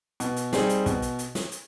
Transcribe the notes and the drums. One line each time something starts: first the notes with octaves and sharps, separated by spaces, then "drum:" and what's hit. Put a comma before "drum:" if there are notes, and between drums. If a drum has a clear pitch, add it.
B2, drum: hi-hat
drum: hi-hat
G3 C4 D#4 G#4, drum: snare
drum: hi-hat
B2, drum: kick, hi-hat
drum: hi-hat
drum: hi-hat
drum: snare
drum: hi-hat